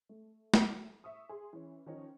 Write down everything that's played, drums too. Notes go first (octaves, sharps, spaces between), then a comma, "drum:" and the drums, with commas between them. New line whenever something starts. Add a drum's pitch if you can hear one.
A3
drum: snare
E5 C#6 D#6
G#4 C6
E3 C#4
D#3 F3 C#4 D#4